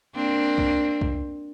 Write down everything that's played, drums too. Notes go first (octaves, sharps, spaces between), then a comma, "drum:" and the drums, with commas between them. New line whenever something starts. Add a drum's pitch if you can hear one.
A#3 C4 D4
drum: kick B1
drum: kick B1